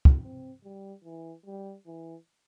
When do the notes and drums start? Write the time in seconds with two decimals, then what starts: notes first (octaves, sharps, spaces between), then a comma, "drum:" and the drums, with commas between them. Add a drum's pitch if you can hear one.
0.05 drum: kick
0.23 C4
0.64 G3
1.04 E3
1.46 G3
1.87 E3